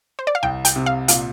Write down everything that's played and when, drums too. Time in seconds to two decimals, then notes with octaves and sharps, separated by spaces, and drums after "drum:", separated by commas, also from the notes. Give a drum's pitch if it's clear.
0.19 C5
0.27 D5
0.35 F5
0.43 C2 G5
0.65 G5, drum: hi-hat
0.76 C3
0.86 F5
1.08 A#2 F5, drum: hi-hat